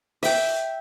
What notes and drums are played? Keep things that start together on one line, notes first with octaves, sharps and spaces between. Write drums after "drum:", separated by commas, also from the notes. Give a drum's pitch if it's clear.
E5 G5, drum: open hi-hat